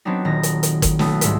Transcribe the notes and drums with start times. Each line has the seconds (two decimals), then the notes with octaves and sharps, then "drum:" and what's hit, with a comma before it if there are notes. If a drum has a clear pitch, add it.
0.05 F#3 B3 C4 D4 D#4
0.25 D#1 D#3 D#4 A#6
0.43 drum: hi-hat
0.63 drum: hi-hat
0.82 drum: kick, hi-hat
0.99 B1 A3 B3 E4 D#6, drum: snare
1.21 C2 G#2 E6 B6, drum: hi-hat